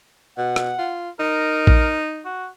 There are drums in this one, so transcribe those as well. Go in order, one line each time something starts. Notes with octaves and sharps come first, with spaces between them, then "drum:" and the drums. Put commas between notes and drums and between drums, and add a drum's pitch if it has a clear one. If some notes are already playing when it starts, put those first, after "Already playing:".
B2 F#5
drum: rim click
F4
D#4 A#4
drum: kick A#1
F#4